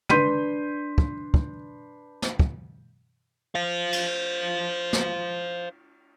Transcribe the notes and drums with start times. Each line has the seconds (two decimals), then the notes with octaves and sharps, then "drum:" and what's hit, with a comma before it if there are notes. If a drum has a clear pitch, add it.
0.09 D4 B4 C6 G6 B6 D#7, drum: tom
0.98 drum: kick
1.34 drum: kick
2.22 drum: snare
2.39 drum: kick
3.55 C5 F5
3.92 drum: cymbal
4.93 drum: snare